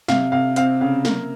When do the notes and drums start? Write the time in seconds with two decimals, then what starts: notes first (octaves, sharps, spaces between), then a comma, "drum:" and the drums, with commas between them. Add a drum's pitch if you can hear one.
0.08 C3 F5, drum: snare
0.32 C3 F5
0.56 C4 F5, drum: hi-hat
0.81 C#3 F5
1.05 A#3 A#4, drum: snare